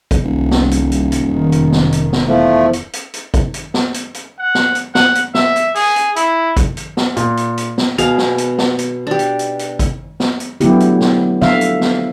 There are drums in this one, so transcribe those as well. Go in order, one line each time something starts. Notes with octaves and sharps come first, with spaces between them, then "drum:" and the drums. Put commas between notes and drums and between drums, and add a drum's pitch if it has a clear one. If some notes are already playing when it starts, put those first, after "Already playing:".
drum: kick G#1, hi-hat
D#1 C2
drum: snare
drum: hi-hat
drum: hi-hat
drum: hi-hat
F1 F2 D#3
drum: hi-hat
drum: snare
drum: hi-hat
drum: snare
E2 F3 A3
drum: hi-hat
drum: hi-hat
drum: hi-hat
drum: kick G#1, hi-hat
drum: hi-hat
drum: snare
drum: hi-hat
drum: hi-hat
F#5
drum: snare
drum: hi-hat
F#5, drum: snare
drum: hi-hat
E5, drum: snare
drum: hi-hat
G#4, drum: open hi-hat
drum: hi-hat
E4, drum: hi-hat
drum: kick G#1, hi-hat
drum: hi-hat
drum: snare
A#2, drum: hi-hat
drum: hi-hat
drum: hi-hat
drum: snare
B2 G#4 F5 F7, drum: hi-hat
drum: snare
drum: hi-hat
drum: snare
drum: hi-hat
D4 G4
drum: hi-hat
drum: hi-hat
drum: hi-hat
drum: kick G#1, hi-hat
drum: snare
drum: hi-hat
D3 F#3 A3 B3 E4 G4, drum: hi-hat
drum: hi-hat
drum: snare
D3 F3 E5 F5, drum: snare
drum: hi-hat
drum: snare